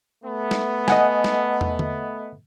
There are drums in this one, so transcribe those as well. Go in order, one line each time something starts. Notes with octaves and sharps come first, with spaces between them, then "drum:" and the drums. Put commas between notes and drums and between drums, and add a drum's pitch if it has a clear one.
A3 B3
drum: snare
D#5 F#5 G#5, drum: snare
drum: snare
drum: tom
drum: tom